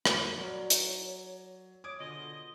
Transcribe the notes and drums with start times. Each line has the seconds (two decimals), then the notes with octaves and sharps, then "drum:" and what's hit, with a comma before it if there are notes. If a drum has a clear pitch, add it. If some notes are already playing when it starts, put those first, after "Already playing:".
0.05 C4, drum: rim click
0.36 F#3 A#4 C#5 D5
0.70 drum: hi-hat
1.84 C#5 D6 D#6 G#6 D7
1.99 B2 D3 F4 G#4 D#5